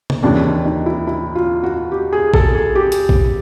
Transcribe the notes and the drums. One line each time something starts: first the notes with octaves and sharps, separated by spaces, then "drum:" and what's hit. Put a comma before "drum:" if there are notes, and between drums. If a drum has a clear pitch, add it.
drum: tom C3
D#2 C#3 E3 D4
D4
D#4
E4
E4
F4
F#4
G4
G#4
A4, drum: kick A#1
G#4
G4
drum: hi-hat
drum: kick A#1